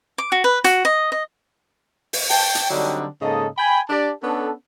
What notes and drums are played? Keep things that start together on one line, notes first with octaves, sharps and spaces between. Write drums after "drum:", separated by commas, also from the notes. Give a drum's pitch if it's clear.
D6
F#4
B4
F#4, drum: hi-hat
D#5
D#5
drum: open hi-hat
G5 A5, drum: open hi-hat
drum: hi-hat
D3 F#3 G3 C4 D4 D#4
G#2 C#3 A#3 A4 D#5
G5 G#5 B5
D4 G4 D5 A5
B3 C#4 D4 A4